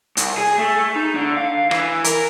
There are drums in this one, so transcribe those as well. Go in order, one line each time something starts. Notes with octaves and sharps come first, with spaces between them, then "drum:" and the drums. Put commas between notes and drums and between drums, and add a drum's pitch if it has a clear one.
C2, drum: hi-hat
G#4
A3
D#4
D3
F5
E3, drum: rim click
A#4, drum: hi-hat